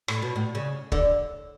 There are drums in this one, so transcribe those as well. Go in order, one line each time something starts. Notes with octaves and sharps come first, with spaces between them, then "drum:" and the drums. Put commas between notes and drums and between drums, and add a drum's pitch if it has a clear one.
A2, drum: rim click
B2
A2
C#3
D3, drum: kick